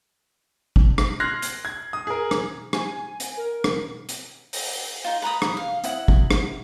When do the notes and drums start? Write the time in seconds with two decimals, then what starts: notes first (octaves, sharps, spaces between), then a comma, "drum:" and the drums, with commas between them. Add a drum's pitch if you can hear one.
0.76 drum: kick
0.98 drum: rim click
1.20 C6 F6 F#6 G#6 A#6 C7
1.42 drum: hi-hat
1.65 G#6
1.93 D#6
2.07 G#4 A#4
2.31 drum: rim click
2.73 G#5, drum: rim click
3.20 drum: hi-hat
3.37 A#4
3.64 drum: rim click
4.09 drum: hi-hat
4.53 drum: open hi-hat
5.04 D#4 F4
5.22 B4 A#5 B5 D#6
5.42 drum: rim click
5.57 F5
5.84 E4 F#5 D#6, drum: hi-hat
6.08 drum: kick
6.31 drum: rim click